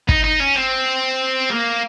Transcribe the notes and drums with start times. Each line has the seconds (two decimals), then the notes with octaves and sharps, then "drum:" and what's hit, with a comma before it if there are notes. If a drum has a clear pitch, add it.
0.09 D#4, drum: kick
0.24 D#4
0.40 C#4
0.56 C4
1.50 A#3